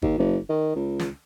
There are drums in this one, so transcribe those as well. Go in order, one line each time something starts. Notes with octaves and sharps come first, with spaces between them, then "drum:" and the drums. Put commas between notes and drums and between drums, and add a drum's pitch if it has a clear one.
D#2, drum: kick G1
F#1
D#3
C#2
drum: snare